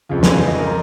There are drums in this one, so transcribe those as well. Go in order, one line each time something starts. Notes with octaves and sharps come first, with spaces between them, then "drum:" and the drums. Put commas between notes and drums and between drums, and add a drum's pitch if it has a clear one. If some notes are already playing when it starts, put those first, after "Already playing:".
F2 C#3 F4
G#5, drum: snare
F5
D#5
A#4